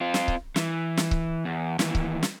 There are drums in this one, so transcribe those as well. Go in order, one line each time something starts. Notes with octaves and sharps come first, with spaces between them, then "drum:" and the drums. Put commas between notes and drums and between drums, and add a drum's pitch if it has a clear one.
C4 F4
drum: snare
drum: kick C#1
E3, drum: snare
drum: snare
drum: kick C#1
E2
D#2 E3, drum: snare
drum: kick C#1
drum: snare